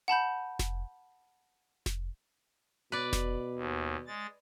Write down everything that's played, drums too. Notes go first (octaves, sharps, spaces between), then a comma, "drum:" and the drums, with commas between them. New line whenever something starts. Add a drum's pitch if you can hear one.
F#5 A5 B5 G6
drum: snare F1
drum: snare F1
B2 B4 D5
drum: snare F1
D#2
G#3 A6